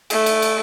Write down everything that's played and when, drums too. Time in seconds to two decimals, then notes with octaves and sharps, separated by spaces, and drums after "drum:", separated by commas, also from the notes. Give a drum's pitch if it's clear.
0.10 A3, drum: cymbal
0.26 drum: cymbal
0.42 drum: cymbal